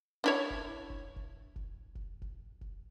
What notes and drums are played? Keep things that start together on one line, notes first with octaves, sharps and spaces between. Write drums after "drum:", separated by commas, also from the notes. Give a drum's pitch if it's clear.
D4 E4 C#5
drum: kick F1
drum: kick F1
drum: kick F1
drum: kick F1
drum: kick F1
drum: kick F1
drum: kick F1